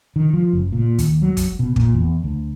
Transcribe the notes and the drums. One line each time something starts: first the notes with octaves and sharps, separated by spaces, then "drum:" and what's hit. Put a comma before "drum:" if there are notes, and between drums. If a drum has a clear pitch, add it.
D#3
F3
F#1
A#2
D#2, drum: hi-hat
F#3
drum: kick, hi-hat
B2
A#2, drum: kick
E2
D2